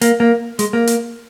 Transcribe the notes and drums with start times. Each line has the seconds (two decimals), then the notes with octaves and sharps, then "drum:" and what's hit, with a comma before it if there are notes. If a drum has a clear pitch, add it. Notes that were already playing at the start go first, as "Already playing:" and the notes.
0.01 A#3, drum: hi-hat
0.20 A#3
0.59 G#3, drum: hi-hat
0.73 A#3
0.87 drum: hi-hat